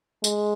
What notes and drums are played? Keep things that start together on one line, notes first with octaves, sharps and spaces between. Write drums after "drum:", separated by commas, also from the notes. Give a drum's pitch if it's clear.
G#3, drum: tambourine